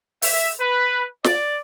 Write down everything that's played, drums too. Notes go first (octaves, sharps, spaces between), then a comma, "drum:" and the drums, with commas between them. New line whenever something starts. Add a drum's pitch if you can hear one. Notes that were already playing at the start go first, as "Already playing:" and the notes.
E5, drum: open hi-hat
B4
D5, drum: snare